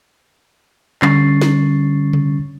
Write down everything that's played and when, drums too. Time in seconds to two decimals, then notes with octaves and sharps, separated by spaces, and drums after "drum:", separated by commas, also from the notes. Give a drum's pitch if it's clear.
1.02 D3 G3 C#4 C#6 A6 C7, drum: clap
1.41 drum: snare
2.13 drum: tom C3